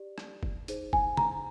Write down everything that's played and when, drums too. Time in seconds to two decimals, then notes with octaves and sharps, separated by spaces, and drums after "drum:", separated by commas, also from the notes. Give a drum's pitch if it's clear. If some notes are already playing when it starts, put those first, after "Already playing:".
Already playing: G4 D5
0.18 drum: rim click
0.43 drum: kick
0.68 D#4 G#4 C5, drum: hi-hat
0.93 G#5, drum: kick
1.17 A#5, drum: tom C3